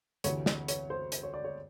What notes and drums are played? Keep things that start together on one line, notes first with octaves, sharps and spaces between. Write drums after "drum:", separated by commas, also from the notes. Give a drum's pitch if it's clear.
D2 C3 E3 C#5, drum: hi-hat
drum: snare
C#5, drum: hi-hat
C5
drum: hi-hat
C#5
D5
C#5